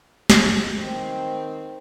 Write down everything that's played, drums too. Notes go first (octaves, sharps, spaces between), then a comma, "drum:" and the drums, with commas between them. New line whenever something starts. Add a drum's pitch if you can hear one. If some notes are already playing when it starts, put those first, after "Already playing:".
drum: snare
D#3 C4